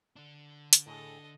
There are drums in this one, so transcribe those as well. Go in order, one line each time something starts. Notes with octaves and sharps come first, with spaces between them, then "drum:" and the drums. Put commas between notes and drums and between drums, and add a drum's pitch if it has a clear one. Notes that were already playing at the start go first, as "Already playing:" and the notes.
D3 D4
drum: hi-hat
A2 G#4 A4 D#5